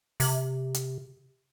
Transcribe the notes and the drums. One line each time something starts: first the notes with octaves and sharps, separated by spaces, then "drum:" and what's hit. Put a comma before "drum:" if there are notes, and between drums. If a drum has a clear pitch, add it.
C3, drum: open hi-hat
drum: hi-hat